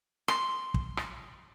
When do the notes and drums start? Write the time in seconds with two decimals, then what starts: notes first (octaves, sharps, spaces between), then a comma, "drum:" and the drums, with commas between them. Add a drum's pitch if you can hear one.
0.28 C6, drum: rim click
0.74 drum: kick
0.97 drum: rim click